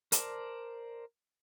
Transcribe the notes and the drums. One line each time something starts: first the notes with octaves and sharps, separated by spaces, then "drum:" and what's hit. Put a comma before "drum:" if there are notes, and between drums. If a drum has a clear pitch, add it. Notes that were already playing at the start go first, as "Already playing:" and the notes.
A#4 C5 D5 A5, drum: hi-hat